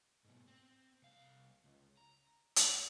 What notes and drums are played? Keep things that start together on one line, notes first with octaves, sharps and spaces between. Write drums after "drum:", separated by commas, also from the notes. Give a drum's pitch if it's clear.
G#2 B2
C4
C2 F5
C#2
A#5
drum: hi-hat